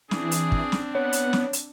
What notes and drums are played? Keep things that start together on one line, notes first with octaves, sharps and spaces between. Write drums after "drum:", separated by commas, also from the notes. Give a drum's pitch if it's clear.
E3 C4 D4 G#4, drum: snare
drum: hi-hat
drum: kick
drum: snare
B3 C#5 F#5
drum: hi-hat
drum: snare
drum: hi-hat